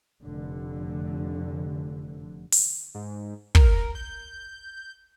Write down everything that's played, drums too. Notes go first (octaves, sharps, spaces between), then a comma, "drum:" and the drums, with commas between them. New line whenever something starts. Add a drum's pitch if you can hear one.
F1 D3
drum: open hi-hat
G#2
A#4, drum: kick
G6